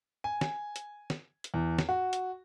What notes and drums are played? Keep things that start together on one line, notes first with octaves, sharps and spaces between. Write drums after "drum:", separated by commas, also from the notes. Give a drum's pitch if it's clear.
G#5
drum: snare
drum: hi-hat
drum: snare
drum: hi-hat
E2
drum: snare
F#4
drum: hi-hat